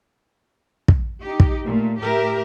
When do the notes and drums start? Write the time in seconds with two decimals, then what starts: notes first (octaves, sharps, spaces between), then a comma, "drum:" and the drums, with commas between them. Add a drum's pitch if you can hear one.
0.88 drum: kick
1.22 D#4 G4
1.40 drum: kick
1.65 A#2 A3
2.00 A2 G4 A#4 E5